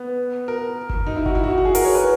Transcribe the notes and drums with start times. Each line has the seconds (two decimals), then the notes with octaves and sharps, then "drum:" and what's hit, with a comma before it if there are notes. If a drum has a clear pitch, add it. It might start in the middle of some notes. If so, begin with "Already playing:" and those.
Already playing: B3
0.48 A#4
0.90 drum: kick G1
1.07 D#4
1.16 E4
1.26 F#4, drum: kick G1
1.35 E4
1.44 F#4
1.58 F#4
1.65 G#4
1.75 A#4, drum: open hi-hat
1.85 C#5
1.95 B4